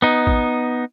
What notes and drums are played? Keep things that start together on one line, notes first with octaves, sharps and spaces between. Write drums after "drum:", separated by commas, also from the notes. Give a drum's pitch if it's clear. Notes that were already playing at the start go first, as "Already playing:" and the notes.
B3 D#4
drum: kick A1